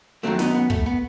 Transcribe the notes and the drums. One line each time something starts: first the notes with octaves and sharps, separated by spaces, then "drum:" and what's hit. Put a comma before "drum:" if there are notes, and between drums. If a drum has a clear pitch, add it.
F#2 D#3 F#3 A3 C4
B3 D#4, drum: snare
B3
A3, drum: kick
B3